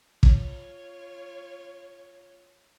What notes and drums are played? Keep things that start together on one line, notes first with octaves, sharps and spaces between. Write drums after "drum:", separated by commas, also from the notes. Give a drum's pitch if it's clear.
F4 C#5, drum: kick